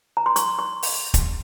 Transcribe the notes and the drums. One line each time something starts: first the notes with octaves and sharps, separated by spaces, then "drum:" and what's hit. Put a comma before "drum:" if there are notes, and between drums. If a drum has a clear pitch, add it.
A#5
C6
C#6, drum: hi-hat
C#6
drum: open hi-hat
drum: kick, hi-hat